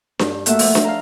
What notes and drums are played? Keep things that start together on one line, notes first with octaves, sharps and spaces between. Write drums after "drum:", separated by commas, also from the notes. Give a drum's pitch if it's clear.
G2, drum: snare D4
A3 A#3 F#4 A4 E5, drum: hi-hat
F3 A3, drum: open hi-hat
drum: snare D4
F5 A5 A#5